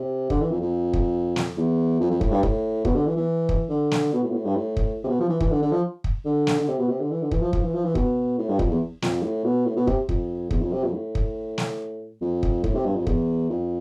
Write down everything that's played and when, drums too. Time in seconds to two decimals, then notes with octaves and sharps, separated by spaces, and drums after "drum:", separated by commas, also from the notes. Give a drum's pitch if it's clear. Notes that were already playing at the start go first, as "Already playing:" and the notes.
Already playing: C3
0.30 D3, drum: kick
0.41 E3
0.51 F2
0.61 F2
0.93 drum: kick
1.36 drum: snare
1.57 E2
2.01 F2
2.11 F2
2.21 A2, drum: kick
2.32 G2
2.43 A2, drum: kick
2.85 B2, drum: kick
2.95 D3
3.06 E3
3.16 E3
3.49 drum: kick
3.70 D3
3.91 drum: snare
4.13 B2
4.24 A2
4.30 B2
4.34 A2
4.45 G2
4.56 A2
4.77 drum: kick
5.04 C3
5.08 B2
5.20 F3
5.29 E3
5.41 E3, drum: kick
5.51 D3
5.62 D3
5.72 F3
6.04 drum: kick
6.25 D3
6.47 drum: snare
6.59 D3
6.68 C3
6.79 B2
6.89 C3
7.00 D3
7.11 E3
7.22 D3
7.31 E3, drum: kick
7.42 F3
7.53 F3, drum: kick
7.64 E3
7.75 F3
7.85 E3
7.95 B2, drum: kick
8.39 A2
8.49 G2
8.59 F2, drum: kick
8.70 E2
9.02 F2, drum: snare
9.23 A2
9.44 B2
9.65 A2
9.77 B2
9.87 C3, drum: kick
10.09 F2, drum: kick
10.51 E2, drum: kick
10.61 F2
10.73 C3
10.84 F2
10.94 A2
11.15 drum: kick
11.58 drum: snare
12.21 F2
12.43 drum: kick
12.64 A2, drum: kick
12.74 C3
12.86 G2
12.96 F2
13.07 E2, drum: kick
13.50 F2